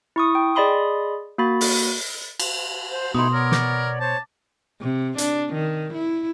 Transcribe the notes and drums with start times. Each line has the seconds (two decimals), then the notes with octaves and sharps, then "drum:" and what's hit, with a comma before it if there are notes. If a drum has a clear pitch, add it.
0.16 E4 C#6 D#6
0.35 G5
0.55 G#4 D5 D#5 B5 C6 D#6
1.38 A#3 F#4 B5 A6
1.61 drum: open hi-hat
2.40 drum: cymbal
2.92 C5
3.15 B2 A3 D#4 E4 C6 D#6
3.33 B3 A#4 C#5 D5
3.52 D6 A#6, drum: snare
4.00 C5 C#5 A5
4.81 C3
5.18 D4, drum: hi-hat
5.54 D#3
5.94 E4